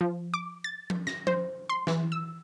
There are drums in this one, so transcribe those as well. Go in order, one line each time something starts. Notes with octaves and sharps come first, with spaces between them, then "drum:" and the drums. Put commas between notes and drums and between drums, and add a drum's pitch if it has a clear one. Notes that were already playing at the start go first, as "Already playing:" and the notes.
F3
D6
A6
drum: tom F3
A#6, drum: snare
C5, drum: tom F3
C6
E3, drum: snare
E6